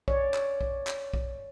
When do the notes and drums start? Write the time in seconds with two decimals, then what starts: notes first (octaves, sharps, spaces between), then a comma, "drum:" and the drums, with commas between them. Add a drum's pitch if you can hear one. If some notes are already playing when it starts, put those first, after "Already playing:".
0.08 C#5 D5, drum: kick
0.34 drum: clap
0.61 drum: kick
0.87 drum: clap
1.14 drum: kick